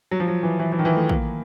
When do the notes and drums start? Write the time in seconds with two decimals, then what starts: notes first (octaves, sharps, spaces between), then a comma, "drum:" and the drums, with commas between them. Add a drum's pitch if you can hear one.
0.11 F#3
0.20 F3
0.28 F#3
0.43 E3
0.60 E3
0.72 E3
0.79 D#3
0.85 E3
0.96 A3
1.09 A#3, drum: kick